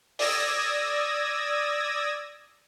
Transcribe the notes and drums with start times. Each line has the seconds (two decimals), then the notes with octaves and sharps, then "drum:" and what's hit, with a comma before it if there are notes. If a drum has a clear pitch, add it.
0.19 D5 D#6 E6 G#6 A#6, drum: open hi-hat